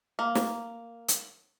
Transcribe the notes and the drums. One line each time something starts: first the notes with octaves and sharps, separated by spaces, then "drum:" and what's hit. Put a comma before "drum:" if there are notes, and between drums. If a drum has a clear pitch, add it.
A#3
drum: snare
drum: hi-hat